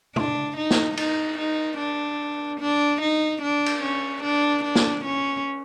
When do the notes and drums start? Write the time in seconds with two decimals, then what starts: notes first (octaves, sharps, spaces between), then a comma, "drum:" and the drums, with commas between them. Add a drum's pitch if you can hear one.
0.16 D4, drum: tom
0.57 D#4
0.71 drum: snare
0.97 D#4, drum: cymbal
1.38 D#4
1.79 D4
2.60 D4
3.01 D#4
3.42 D4
3.66 drum: cymbal
3.82 C#4
4.23 D4
4.64 D4
4.75 drum: snare
5.05 C#4